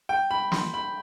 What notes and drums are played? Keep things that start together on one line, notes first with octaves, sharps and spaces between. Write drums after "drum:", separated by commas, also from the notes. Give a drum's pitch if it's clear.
G5
B5
C6, drum: snare
B5